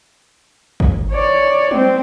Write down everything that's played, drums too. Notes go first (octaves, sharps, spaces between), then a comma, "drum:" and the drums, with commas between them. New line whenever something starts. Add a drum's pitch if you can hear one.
drum: kick
C#5 D5
C4, drum: tom